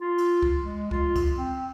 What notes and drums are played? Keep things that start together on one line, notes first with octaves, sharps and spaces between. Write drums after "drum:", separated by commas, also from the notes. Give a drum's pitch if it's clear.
F4
drum: cymbal
drum: kick C2
G#3
F4, drum: kick C2
drum: kick C2, cymbal
C4